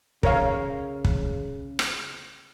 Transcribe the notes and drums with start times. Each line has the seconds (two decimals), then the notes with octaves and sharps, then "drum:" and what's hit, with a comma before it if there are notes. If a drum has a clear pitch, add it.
0.23 C#3 A#4 C#5 F5, drum: kick
1.05 drum: kick
1.79 drum: rim click